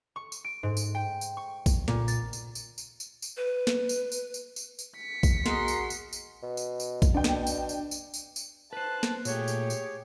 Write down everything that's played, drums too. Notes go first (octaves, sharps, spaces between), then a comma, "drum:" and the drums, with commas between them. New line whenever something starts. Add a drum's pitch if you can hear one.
C#6
drum: tambourine
D7
G#2
drum: tambourine
G5
drum: tambourine
C#6
drum: kick A1, tambourine
A#2, drum: snare
A6, drum: tambourine
drum: tambourine
drum: tambourine
drum: tambourine
drum: tambourine
drum: tambourine
B4
drum: snare
drum: tambourine
drum: tambourine
drum: tambourine
drum: tambourine
drum: tambourine
B6 C#7
drum: kick A1, tambourine
F#4 G#4 A#4 D#5 F#5 C6, drum: snare
drum: tambourine
drum: tambourine
drum: tambourine
B2
drum: tambourine
drum: tambourine
drum: kick A1, tambourine
B2 D4 G5
drum: snare
drum: tambourine
drum: tambourine
drum: tambourine
drum: tambourine
drum: tambourine
B4 C5 A5 F#6
drum: snare
A#2 A3 G4 G#4 C#5, drum: tambourine
drum: tambourine
drum: tambourine